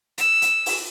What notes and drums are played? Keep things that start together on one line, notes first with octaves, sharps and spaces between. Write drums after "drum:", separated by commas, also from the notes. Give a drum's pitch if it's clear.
E6, drum: hi-hat
drum: hi-hat
drum: open hi-hat